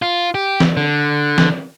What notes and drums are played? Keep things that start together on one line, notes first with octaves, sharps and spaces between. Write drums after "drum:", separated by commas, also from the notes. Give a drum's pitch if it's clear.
F4
G4
drum: snare
D3
drum: snare